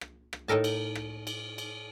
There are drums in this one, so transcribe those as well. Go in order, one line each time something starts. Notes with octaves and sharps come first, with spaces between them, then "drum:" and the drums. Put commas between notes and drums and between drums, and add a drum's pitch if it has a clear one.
drum: rim click
drum: rim click
A2 D#4 A4 A#4 A5
drum: cymbal
drum: rim click
drum: cymbal
drum: cymbal